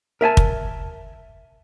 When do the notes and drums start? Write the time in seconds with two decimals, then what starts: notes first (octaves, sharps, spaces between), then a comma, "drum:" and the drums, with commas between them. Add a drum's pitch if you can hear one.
0.21 A#4 E5 G#5 A5
0.37 drum: kick